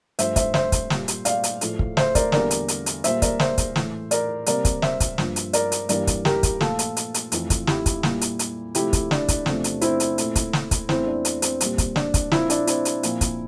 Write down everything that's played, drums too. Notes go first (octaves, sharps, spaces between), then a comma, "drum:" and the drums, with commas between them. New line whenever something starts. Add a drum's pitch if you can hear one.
G2 F3 A3 C5 E5, drum: hi-hat
C5 E5, drum: kick, hi-hat
C5 E5, drum: snare
drum: kick, hi-hat
A#2 G3 A#3, drum: snare
drum: hi-hat
D5 F5, drum: hi-hat
drum: hi-hat
A2 F3 A3, drum: hi-hat
drum: kick
C5 E5, drum: snare
A#4 D5, drum: kick, hi-hat
E2 D3 G3 A#3 A#4 D5, drum: snare
drum: hi-hat
drum: hi-hat
drum: hi-hat
A#2 G3 A#3 C5 E5, drum: hi-hat
A#4 D5, drum: kick, hi-hat
C5 E5, drum: snare
drum: kick, hi-hat
A2 E3 A3, drum: snare
A#4 D5, drum: hi-hat
C3 G3 A#3 A#4 D5, drum: hi-hat
drum: kick, hi-hat
C5 E5, drum: snare
drum: kick, hi-hat
G2 F3 A#3, drum: snare
drum: hi-hat
A#4 D5, drum: hi-hat
drum: hi-hat
G2 E3 G3 A#3 A#4 D5, drum: hi-hat
drum: kick, hi-hat
G4 A#4, drum: snare
drum: kick, hi-hat
A#2 F3 A3 F4 A4, drum: snare
drum: hi-hat
drum: hi-hat
drum: hi-hat
F2 E3 A3, drum: hi-hat
drum: kick, hi-hat
E4 G4, drum: snare
drum: kick, hi-hat
A#2 G3 A#3, drum: snare
drum: hi-hat
drum: hi-hat
C3 F3 A3 E4 G4, drum: hi-hat
drum: kick, hi-hat
D4, drum: snare
drum: kick, hi-hat
E2 C3 F3 A3, drum: snare
drum: hi-hat
C4 E4, drum: hi-hat
drum: hi-hat
A#2 A3, drum: hi-hat
drum: kick, hi-hat
drum: snare
drum: kick, hi-hat
E2 E3 A3 C4 E4, drum: snare
D4
drum: hi-hat
C4, drum: hi-hat
A#2 G3 A#3, drum: hi-hat
drum: kick, hi-hat
D4, drum: snare
drum: kick, hi-hat
A#2 F3 A#3 C4 E4, drum: snare
D4, drum: hi-hat
C4 E4, drum: hi-hat
drum: hi-hat
A#2 F3 A#3, drum: hi-hat
drum: kick, hi-hat